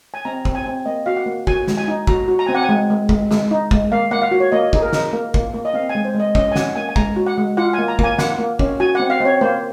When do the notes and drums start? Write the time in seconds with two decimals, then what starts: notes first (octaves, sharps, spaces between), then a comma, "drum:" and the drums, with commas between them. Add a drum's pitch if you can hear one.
0.14 G#5
0.25 C4 A#5
0.45 C4, drum: kick
0.55 G#5
0.66 C4
0.86 A#3 D#5
1.06 F#4 F5
1.16 F#5
1.26 A#3
1.47 F#4 G#5, drum: kick
1.68 G#3, drum: snare
1.77 G#5
1.88 D#4
2.07 F#4 A#5, drum: kick
2.28 F#4
2.39 A#5
2.46 C4 G#5
2.55 F#5
2.63 G#5
2.69 G#3
2.90 G#3
3.09 G#3, drum: kick
3.31 G#3, drum: snare
3.51 D#4
3.71 G#3, drum: kick
3.92 A#3 F5
4.11 A#3 F#5
4.22 F5
4.31 F#4
4.40 C#5
4.52 A#3 D#5
4.73 D#4 G#4, drum: kick
4.82 A#4
4.93 D#4, drum: snare
5.13 A#3 A#4
5.34 A#3, drum: kick
5.54 A#3
5.65 D#5
5.74 C4 F5
5.89 G#5
5.95 G#3
6.05 C5
6.15 G#3 D#5
6.35 C#4 D#5, drum: kick
6.52 G#5
6.56 C#4 F#5, drum: snare
6.76 A#3 G#5
6.89 G#5
6.96 G#3 A#5, drum: kick
7.16 F#4
7.26 F#5
7.38 G#3
7.57 F4 F#5
7.73 A#3 G#5
7.88 A#5
7.99 A#3 G#5, drum: kick
8.19 A#3 F#5, drum: snare
8.39 A#3
8.59 C#4, drum: kick
8.80 F#4 G#5
8.95 C4 F#5
9.10 F5
9.20 C4 C#5
9.41 A#3 C5